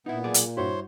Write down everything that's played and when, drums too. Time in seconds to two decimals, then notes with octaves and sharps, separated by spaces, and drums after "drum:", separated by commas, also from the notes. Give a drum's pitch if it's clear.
0.06 A#2 B3 D#4 E4
0.24 B1 G#4 D5
0.34 drum: hi-hat
0.57 G2 E4 F#4 C5 C#5 C6